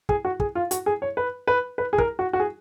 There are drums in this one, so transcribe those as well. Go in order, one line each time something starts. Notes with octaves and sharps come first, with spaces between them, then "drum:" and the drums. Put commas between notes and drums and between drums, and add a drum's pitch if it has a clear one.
G#4, drum: kick
F#4
G#4, drum: kick
F4
F#4, drum: hi-hat
G#4
C#5
B4
B4
B4
G#4
A#4, drum: kick
F#4
F#4
G#4